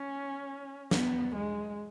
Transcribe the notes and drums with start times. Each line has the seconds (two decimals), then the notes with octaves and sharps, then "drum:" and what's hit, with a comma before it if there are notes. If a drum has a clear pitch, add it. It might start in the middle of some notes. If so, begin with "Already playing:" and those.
Already playing: C#4
0.91 B3, drum: snare
1.35 G#3